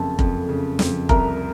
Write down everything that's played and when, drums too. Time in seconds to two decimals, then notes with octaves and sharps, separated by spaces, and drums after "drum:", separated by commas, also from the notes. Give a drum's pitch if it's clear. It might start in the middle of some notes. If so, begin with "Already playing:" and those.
Already playing: F#1 F2 C#3 A4
0.19 F2, drum: kick F1
0.49 C#3
0.79 F2, drum: snare
1.09 C2 A#4, drum: kick F1